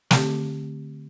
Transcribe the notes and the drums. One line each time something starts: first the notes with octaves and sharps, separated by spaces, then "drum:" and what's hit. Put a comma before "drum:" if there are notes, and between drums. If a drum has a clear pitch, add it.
D3 A3 C4 G4, drum: snare